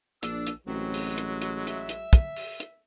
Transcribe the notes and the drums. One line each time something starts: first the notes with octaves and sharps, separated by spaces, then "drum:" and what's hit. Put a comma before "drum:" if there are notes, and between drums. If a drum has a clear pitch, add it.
A#1 D4 E6, drum: hi-hat
drum: hi-hat
A1 F#2 F#3 G#3 C4
drum: open hi-hat
drum: hi-hat
drum: hi-hat
E5, drum: hi-hat
drum: hi-hat
drum: kick, hi-hat
drum: open hi-hat
drum: hi-hat